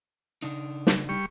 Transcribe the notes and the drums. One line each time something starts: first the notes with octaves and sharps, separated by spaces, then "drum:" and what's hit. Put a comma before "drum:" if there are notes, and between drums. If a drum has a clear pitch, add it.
C#3 D4 D#4
drum: snare
G3 C#6